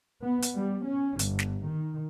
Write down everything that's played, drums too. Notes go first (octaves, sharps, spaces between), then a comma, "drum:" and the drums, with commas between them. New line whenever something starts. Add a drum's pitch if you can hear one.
B3
drum: hi-hat
G3
C#4
G1, drum: hi-hat
drum: snare
D#3